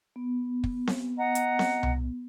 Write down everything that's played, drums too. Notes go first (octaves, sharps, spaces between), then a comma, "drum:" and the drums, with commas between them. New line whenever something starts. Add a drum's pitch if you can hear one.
B3
drum: kick
drum: snare C4
D#5 F#5 A#5
drum: hi-hat
drum: snare C4
drum: tom C2